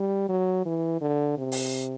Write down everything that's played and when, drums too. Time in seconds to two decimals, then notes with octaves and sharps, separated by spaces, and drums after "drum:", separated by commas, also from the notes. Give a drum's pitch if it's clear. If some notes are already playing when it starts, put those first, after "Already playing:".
Already playing: G3
0.29 F#3
0.66 E3
1.02 D3
1.38 C3
1.52 drum: open hi-hat